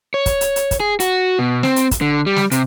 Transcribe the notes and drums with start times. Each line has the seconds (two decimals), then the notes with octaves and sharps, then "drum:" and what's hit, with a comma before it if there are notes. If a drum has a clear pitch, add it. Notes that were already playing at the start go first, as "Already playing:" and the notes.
0.14 C#5
0.26 drum: kick, hi-hat
0.41 drum: hi-hat
0.56 drum: hi-hat
0.71 drum: kick, hi-hat
0.80 G#4
1.00 F#4, drum: hi-hat
1.39 B2
1.63 C4, drum: snare
1.76 drum: hi-hat
1.91 drum: kick, hi-hat
2.01 D3
2.26 G3
2.36 drum: snare
2.51 C3, drum: hi-hat